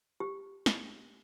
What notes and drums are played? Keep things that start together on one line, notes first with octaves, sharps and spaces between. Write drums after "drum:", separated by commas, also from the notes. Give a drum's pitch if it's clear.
G4
drum: snare